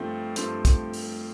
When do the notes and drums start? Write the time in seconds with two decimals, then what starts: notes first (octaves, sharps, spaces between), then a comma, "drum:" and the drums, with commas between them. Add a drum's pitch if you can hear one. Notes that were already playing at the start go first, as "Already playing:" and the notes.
Already playing: G2 F3 A3 C4
0.36 G2 F3 A3 C4, drum: hi-hat
0.65 drum: kick, hi-hat
0.93 drum: open hi-hat